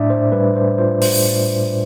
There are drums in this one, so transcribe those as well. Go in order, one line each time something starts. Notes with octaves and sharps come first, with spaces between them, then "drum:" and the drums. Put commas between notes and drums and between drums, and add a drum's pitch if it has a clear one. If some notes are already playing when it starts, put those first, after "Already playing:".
Already playing: A2 D4 D5 E5
C5
G3 B4
C5
F4 C5
C5, drum: open hi-hat
A2